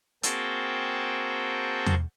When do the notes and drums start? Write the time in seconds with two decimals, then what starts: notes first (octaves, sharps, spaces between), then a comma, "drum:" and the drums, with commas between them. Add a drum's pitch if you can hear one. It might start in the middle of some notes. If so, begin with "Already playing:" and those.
0.23 A#3 C4 F#4 G#4 G5 A5, drum: hi-hat
1.86 drum: tom E2